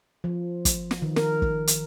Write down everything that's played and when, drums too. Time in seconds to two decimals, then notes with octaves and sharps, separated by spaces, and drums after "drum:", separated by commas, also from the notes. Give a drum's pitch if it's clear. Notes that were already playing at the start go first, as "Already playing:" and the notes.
0.24 F3
0.65 drum: kick, hi-hat
0.91 drum: snare
1.02 D#3
1.16 A#4, drum: snare
1.42 drum: kick
1.67 drum: hi-hat